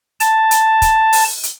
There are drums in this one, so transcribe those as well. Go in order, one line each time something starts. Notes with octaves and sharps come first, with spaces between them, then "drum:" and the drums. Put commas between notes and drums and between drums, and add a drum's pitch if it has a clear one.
A5, drum: hi-hat
drum: hi-hat
drum: kick, hi-hat
drum: open hi-hat
drum: hi-hat